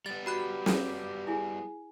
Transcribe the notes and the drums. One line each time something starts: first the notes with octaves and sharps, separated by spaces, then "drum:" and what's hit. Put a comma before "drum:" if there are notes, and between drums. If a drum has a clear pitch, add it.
G3 B3 A6
F#4 G4 B5 F#6
drum: snare
E4 G#4 G#5